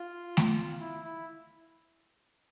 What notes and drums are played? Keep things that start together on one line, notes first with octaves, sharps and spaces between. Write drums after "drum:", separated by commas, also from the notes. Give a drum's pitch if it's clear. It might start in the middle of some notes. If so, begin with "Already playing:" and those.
Already playing: F4
drum: snare A3
E4
E4